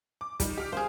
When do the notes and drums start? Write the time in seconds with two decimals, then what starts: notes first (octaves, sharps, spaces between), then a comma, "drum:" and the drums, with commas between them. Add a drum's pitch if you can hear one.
0.21 D6
0.40 D#3 G3, drum: kick, hi-hat
0.58 G4 F6 D7
0.72 G#4 C5 F5 F6